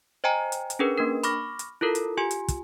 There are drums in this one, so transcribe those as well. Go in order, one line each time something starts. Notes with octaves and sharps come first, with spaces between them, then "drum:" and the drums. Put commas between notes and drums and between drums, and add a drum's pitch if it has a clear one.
C5 D#5 G5 G#5 A#5
drum: hi-hat
drum: hi-hat
C#4 D4 G#4 A#4 B4
A#3 D4 A#4
B5 C#6 D6 F6 A#6, drum: hi-hat
drum: hi-hat
E4 F4 A4 A#4
drum: hi-hat
F4 G4 G#5
drum: hi-hat
drum: kick, hi-hat